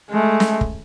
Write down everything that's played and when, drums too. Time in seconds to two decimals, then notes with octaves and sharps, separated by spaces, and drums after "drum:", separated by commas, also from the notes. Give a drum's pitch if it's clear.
0.10 G#3 A3
0.40 drum: snare
0.61 drum: kick